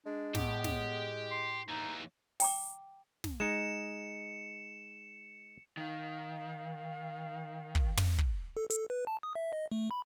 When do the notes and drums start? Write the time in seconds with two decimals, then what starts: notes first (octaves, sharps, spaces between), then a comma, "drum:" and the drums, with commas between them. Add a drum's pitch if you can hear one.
0.06 G#3 D4
0.35 A2 B3 G4, drum: snare
0.64 drum: snare
1.31 C6
1.68 D#2 E3 D#4
2.40 G5 A#5 D6, drum: open hi-hat
3.24 drum: snare
3.40 G#3 D#4 C#7 E7
5.77 D#3 F5
7.75 drum: kick
7.97 drum: tom
8.18 drum: kick
8.57 A4
8.70 A4, drum: hi-hat
8.90 B4
9.07 A5
9.23 D#6
9.35 E5
9.53 D#5
9.71 A3
9.91 B5